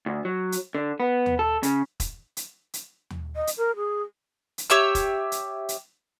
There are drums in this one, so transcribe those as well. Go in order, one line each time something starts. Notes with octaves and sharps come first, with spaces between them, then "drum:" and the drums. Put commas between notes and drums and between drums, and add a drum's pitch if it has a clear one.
D2
F#3
drum: hi-hat
D3
B3
drum: tom D#2
A4
C#3, drum: hi-hat
drum: kick E1, hi-hat
drum: hi-hat
drum: hi-hat
drum: tom D#2
D#5
drum: hi-hat
A#4
G#4
drum: hi-hat
G4 C#5 E5 E6
drum: kick E1, hi-hat
drum: hi-hat
drum: hi-hat